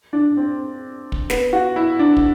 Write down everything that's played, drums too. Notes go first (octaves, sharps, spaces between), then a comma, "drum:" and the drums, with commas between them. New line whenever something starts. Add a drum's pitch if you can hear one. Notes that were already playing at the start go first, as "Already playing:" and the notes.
D4
C4
drum: kick
B3, drum: snare
F#4
E4
D4
drum: kick